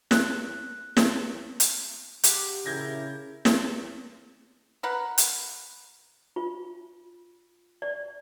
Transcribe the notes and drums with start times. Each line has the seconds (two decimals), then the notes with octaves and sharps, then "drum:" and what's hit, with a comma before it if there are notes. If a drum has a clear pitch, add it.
0.11 F#6, drum: snare
0.97 drum: snare
1.60 drum: hi-hat
2.24 G4 F#5, drum: hi-hat
2.66 A#1 C#3 E4 A#4 G6 G#6 A#6
3.45 drum: snare
4.83 A#4 B4 F#5
5.18 drum: hi-hat
6.36 F4
7.82 D5